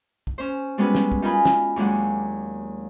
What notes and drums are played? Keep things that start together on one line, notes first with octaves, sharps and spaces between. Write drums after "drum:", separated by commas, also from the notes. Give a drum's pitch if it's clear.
drum: kick A#1
C#4 C5
G3 G#3 B3 C#4 F#4 B4
drum: snare
drum: kick A#1
D#4 F4 A#4 D#5 G#5 B5
drum: snare
D#2 F#3 G#3 A#3 D4 F#5